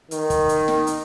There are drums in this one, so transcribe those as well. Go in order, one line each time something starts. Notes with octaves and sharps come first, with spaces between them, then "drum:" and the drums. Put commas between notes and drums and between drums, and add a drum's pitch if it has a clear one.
D#3, drum: hi-hat
drum: kick, hi-hat
drum: hi-hat
drum: snare
drum: hi-hat